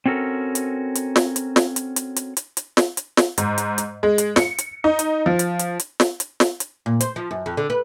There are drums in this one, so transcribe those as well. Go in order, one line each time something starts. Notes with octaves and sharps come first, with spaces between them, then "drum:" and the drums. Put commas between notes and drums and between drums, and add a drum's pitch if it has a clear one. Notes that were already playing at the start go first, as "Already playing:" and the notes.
C4 C#4 F#4 A4 A#4
drum: hi-hat
drum: hi-hat
drum: snare
drum: hi-hat
drum: snare
drum: hi-hat
drum: hi-hat
drum: hi-hat
drum: hi-hat
drum: hi-hat
drum: snare
drum: hi-hat
drum: snare
G#2, drum: hi-hat
drum: hi-hat
drum: hi-hat
G#3
drum: hi-hat
C#7, drum: snare
drum: hi-hat
D#4
drum: hi-hat
F3
drum: hi-hat
drum: hi-hat
drum: hi-hat
drum: snare
drum: hi-hat
drum: snare
drum: hi-hat
A#2
C5, drum: hi-hat
F3
F#2
F2
D3
B4